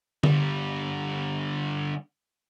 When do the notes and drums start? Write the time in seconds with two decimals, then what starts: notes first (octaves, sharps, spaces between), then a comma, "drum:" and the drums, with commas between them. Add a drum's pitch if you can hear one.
0.24 D3 G3, drum: tom D3